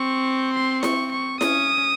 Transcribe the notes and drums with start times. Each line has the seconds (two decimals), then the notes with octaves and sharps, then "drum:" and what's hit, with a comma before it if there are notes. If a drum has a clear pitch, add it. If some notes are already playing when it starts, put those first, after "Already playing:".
Already playing: C4 C#6
0.54 C6
0.83 C#6, drum: snare E4
1.12 C#6
1.41 C#4 D#6, drum: snare E4